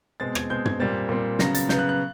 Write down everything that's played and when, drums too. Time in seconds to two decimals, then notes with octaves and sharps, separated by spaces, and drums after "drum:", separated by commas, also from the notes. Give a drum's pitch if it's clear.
0.20 B2 G#3 C4 A6
0.35 G#6, drum: rim click
0.50 B2 G#3 C4 G6
0.65 G#6, drum: tom
0.80 A#2 G3 C4 A6
1.09 A#2 G3 C4
1.39 C#3 F#3 B3 A#6, drum: snare
1.55 A6, drum: hi-hat
1.69 C#3 F#3 B3 G6, drum: snare
1.79 F#6
1.89 F#6